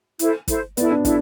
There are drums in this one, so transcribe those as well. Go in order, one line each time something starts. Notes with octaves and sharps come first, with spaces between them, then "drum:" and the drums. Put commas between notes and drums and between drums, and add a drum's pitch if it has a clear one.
E4 A4 C5, drum: hi-hat
E4 A4 C5, drum: kick, hi-hat
B3 E4 A4 D5, drum: hi-hat
D4
D4 E4 A4, drum: kick, hi-hat